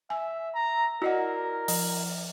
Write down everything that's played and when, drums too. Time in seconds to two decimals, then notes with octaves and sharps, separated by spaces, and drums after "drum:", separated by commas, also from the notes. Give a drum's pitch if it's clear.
0.10 E5 G#5
0.55 A#5
1.02 E4 F#4 A#4 D5 D#5 F#5
1.68 F3, drum: open hi-hat